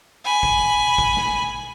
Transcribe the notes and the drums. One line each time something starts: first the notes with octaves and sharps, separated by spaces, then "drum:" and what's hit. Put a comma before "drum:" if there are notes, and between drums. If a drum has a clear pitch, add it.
G#5 B5
drum: kick
drum: kick
drum: snare A3